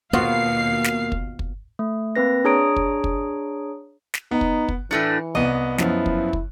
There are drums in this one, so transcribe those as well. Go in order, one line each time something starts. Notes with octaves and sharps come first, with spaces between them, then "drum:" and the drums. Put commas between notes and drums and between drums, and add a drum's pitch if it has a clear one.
D#2 B2 A#3 B3 F4 F#4 F5 C7
drum: snare
drum: kick
drum: kick
A3
A#3 C4 B4 A#6
D4 G#4 C#5 A#5 D#6 D7
drum: kick
drum: kick
drum: snare
B3 D#4
drum: kick
drum: kick
A2 E3 A3 D4 C#7
C2 B3 D#5
F#2 F3 B3 E4, drum: snare
drum: kick
drum: kick